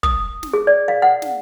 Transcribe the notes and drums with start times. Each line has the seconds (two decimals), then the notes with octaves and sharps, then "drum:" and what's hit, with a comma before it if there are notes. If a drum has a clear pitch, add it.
0.03 D#6, drum: kick
0.43 drum: snare
0.53 G#4
0.67 D5
0.88 F5
1.02 F#5
1.22 drum: snare